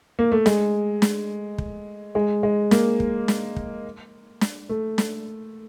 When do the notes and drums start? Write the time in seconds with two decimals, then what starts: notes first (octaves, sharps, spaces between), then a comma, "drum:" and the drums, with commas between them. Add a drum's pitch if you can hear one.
0.19 A#3
0.32 A3
0.46 G#3, drum: snare
1.02 drum: snare
1.58 drum: kick
2.15 G#3
2.43 G#3
2.71 A#3, drum: snare
3.00 drum: kick
3.28 drum: snare
3.56 drum: kick
4.41 drum: snare
4.69 A3
4.98 drum: snare